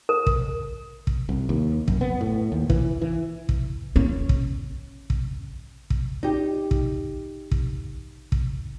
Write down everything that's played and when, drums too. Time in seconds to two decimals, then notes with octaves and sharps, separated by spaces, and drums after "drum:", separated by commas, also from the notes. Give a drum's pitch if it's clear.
0.09 A#4
0.27 drum: kick
1.07 drum: kick
1.29 C2
1.49 D#2
1.88 F#2, drum: kick
2.01 B3
2.21 A2
2.52 D#2
2.70 E3, drum: kick
3.02 E3
3.49 drum: kick
3.96 C#4
4.29 drum: kick
5.10 drum: kick
5.90 drum: kick
6.23 D#4 G4
6.71 drum: kick
7.51 drum: kick
8.32 drum: kick